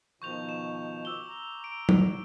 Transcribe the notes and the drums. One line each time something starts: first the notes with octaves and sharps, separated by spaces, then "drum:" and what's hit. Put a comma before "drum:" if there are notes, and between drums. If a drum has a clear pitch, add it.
B2 D#3 F3 C#6 G6 F7
E7
D6 E6 G7
A#5
D7
drum: tom F#3